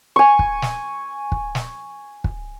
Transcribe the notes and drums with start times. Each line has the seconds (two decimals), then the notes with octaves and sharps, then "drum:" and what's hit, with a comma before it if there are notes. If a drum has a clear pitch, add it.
0.16 G#5 C#6
0.39 drum: kick
0.62 drum: snare
1.32 drum: kick
1.55 drum: snare
2.24 drum: kick